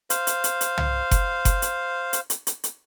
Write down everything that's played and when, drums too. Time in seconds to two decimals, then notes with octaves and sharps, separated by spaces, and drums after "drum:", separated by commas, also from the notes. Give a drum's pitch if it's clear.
0.10 C5 F5, drum: hi-hat
0.27 drum: hi-hat
0.44 drum: hi-hat
0.61 drum: hi-hat
0.78 drum: tom
1.11 drum: kick F#1, hi-hat
1.45 drum: kick F#1, hi-hat
1.62 drum: hi-hat
2.13 drum: hi-hat
2.30 drum: hi-hat
2.47 drum: hi-hat
2.64 drum: hi-hat